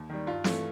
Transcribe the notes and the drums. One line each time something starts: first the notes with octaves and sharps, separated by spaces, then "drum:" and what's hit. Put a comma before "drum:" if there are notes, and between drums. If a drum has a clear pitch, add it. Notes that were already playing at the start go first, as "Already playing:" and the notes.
Already playing: D#2
D#3 G3
G2 F4
E3 A3, drum: snare